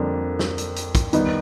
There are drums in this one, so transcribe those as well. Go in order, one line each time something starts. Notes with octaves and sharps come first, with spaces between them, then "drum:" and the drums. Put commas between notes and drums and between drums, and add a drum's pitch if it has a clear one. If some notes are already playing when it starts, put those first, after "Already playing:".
Already playing: F2 D3 G3 A#3 D4
drum: snare
drum: hi-hat
drum: hi-hat
drum: kick, hi-hat
D#3 G3 B3 D#4, drum: hi-hat